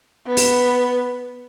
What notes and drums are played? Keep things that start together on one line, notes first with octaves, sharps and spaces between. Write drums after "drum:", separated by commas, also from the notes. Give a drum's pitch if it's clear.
B3
drum: open hi-hat